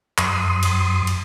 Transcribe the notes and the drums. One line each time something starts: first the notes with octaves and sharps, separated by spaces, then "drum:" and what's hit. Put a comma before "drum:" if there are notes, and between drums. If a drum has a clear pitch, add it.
F#2 C6 D#6, drum: clap
drum: cymbal
drum: cymbal